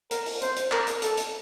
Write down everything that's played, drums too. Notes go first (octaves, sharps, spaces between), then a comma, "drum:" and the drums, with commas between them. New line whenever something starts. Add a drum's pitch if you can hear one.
A#4, drum: hi-hat
drum: open hi-hat
C5, drum: hi-hat
drum: hi-hat
A#4, drum: clap
drum: hi-hat
A4, drum: hi-hat
drum: hi-hat